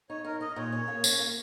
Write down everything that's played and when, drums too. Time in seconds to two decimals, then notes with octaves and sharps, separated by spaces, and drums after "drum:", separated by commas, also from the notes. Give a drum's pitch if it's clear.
0.09 D#4 C#5
0.25 D#4 A#4
0.41 D#4 D#5
0.56 A#2 C#5
0.72 C#4
0.88 A#3
1.04 C#4, drum: tambourine
1.20 A#3